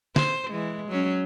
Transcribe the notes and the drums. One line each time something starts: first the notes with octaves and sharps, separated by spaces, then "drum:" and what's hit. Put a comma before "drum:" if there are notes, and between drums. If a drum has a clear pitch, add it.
C5, drum: snare
E3 G#3
F#3 C#4